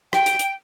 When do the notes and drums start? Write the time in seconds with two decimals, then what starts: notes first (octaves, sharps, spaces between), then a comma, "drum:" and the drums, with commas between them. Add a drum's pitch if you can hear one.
0.13 G5, drum: rim click
0.26 drum: hi-hat
0.39 drum: hi-hat